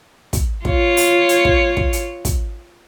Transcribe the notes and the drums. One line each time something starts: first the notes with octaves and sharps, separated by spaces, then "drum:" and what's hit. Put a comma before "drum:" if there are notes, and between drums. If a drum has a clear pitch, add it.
drum: kick, hi-hat
F4 C#5, drum: kick
drum: open hi-hat
drum: hi-hat
drum: kick
drum: kick
drum: hi-hat
drum: kick, hi-hat